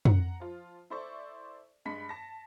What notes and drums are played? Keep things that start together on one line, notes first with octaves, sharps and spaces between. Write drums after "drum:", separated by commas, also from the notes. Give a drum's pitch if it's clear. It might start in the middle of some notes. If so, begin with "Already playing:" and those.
F#5 A#5, drum: tom
F3 F4
E4 A4 C5 D5 E5 C#6
G2 G#3 B5 B6 C#7
A5 A#6